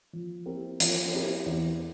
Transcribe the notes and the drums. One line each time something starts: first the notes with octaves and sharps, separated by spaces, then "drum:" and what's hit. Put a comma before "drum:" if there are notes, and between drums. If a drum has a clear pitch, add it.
F3
C4 E4 G4 A#4
F3, drum: hi-hat
C4 E4 G4 A#4
E2